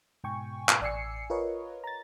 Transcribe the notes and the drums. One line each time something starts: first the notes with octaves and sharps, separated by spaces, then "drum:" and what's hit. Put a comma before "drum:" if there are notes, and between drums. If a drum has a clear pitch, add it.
G#2 B2 G5 G#5 C#6
drum: clap
A1 D5 G#5 E6 C7 C#7
F4 A#4 B4 C#5 D#5
A#5 A6